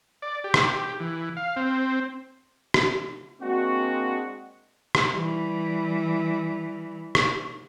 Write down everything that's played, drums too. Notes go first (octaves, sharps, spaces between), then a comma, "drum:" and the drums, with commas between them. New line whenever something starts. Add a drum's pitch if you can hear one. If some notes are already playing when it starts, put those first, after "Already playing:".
D5
G4
drum: rim click
E3
F5
C4
drum: rim click
G#3 A#3 C4 D4 F#4
drum: rim click
E3 G3
drum: rim click